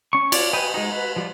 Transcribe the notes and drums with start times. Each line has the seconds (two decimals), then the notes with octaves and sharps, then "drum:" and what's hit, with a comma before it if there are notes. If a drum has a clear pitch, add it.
0.13 C#4 C#6
0.32 F4 C#5 D5, drum: cymbal
0.53 B4 D#5 G5 G#5
0.74 G#3 D#4
0.92 B4
1.16 F3 G3 F4